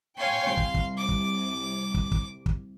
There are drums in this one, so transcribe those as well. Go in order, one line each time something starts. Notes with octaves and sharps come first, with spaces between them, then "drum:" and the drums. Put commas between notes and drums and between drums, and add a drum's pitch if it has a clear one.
C#5 F5 G5 G#5 C6
C2, drum: kick
drum: kick
D6
drum: kick
drum: kick
drum: kick
drum: kick